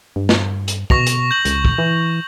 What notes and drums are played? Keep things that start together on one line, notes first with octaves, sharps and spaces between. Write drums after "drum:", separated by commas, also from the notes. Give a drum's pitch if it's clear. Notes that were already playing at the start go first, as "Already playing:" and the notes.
G2
drum: snare
drum: hi-hat
B2 C#6 A#6 F7, drum: kick
drum: hi-hat
G6 F#7
C#2, drum: hi-hat
drum: kick
E3